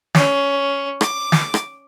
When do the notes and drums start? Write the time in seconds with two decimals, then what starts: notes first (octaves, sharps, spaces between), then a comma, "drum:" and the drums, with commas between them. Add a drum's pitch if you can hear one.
0.15 C#4, drum: snare
1.01 D6, drum: rim click
1.32 drum: snare
1.54 drum: rim click